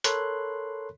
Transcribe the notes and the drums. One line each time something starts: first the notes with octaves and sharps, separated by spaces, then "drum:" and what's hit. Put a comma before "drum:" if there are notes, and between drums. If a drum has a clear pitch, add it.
A4 A#4 C#5 B5 C6 F#6, drum: hi-hat